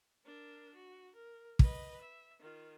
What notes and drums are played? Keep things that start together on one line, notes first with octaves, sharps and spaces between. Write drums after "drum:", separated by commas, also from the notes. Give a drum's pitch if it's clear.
D4 A#4
F#4
A#4
B4 D#5, drum: kick
E5
D#3 F4